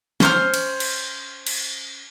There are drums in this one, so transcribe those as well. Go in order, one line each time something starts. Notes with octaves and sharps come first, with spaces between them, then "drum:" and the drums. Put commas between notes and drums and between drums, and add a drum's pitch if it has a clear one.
C#4 C5 F6, drum: snare
drum: cymbal
drum: cymbal
drum: cymbal